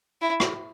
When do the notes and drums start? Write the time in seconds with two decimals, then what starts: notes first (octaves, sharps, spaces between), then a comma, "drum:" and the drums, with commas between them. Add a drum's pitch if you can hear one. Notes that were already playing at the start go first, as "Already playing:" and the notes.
0.21 E4
0.40 drum: rim click